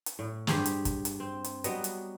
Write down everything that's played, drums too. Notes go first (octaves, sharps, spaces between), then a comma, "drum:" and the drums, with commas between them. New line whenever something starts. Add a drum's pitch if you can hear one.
drum: hi-hat
A2
G2 G4 G#4 C5, drum: snare
drum: hi-hat
drum: kick, hi-hat
drum: hi-hat
C4
drum: hi-hat
F#3 G3 B3 D#5, drum: hi-hat
drum: hi-hat